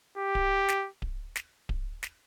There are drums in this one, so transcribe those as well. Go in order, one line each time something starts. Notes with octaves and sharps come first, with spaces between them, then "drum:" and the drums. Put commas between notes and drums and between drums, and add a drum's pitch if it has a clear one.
G4
drum: kick D1
drum: snare
drum: kick D1
drum: snare
drum: kick D1
drum: snare